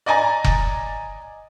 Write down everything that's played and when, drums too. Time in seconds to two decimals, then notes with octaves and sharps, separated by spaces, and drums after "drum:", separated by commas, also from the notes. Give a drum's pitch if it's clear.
0.06 D5 D#5 G#5 A#5 A6
0.44 drum: kick F1